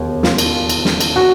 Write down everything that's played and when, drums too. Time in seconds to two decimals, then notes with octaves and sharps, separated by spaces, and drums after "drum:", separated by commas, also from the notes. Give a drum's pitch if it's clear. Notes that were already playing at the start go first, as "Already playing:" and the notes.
Already playing: E1 D#2
0.23 F4, drum: snare
0.38 drum: cymbal
0.69 drum: cymbal
0.85 drum: snare
1.01 drum: cymbal
1.16 F#4